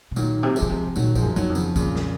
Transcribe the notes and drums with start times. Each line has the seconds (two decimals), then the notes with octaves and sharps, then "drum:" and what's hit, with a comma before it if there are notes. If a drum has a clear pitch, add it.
0.11 C3
0.16 A#2 D#3 F#3, drum: tambourine
0.43 C3
0.56 F3 G#3, drum: tambourine
0.62 C#3
0.69 C3
0.96 A#2 D#3 F#3, drum: tambourine
1.15 F3 G#3, drum: kick B1, tambourine
1.22 F#2
1.36 F#2 D#3 F#3, drum: tambourine
1.49 F2
1.55 C#3 F3, drum: tambourine
1.76 A#2 C#3, drum: kick B1, tambourine
1.95 drum: snare